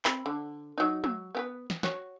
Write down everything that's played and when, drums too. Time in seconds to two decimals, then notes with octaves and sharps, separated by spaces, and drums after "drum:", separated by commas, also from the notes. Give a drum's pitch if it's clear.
0.05 C4 B5, drum: clap
0.26 D3
0.78 F#3 D#4
1.04 F#3, drum: tom
1.35 B3 G4 B4
1.70 drum: snare
1.83 F#4 C#5, drum: snare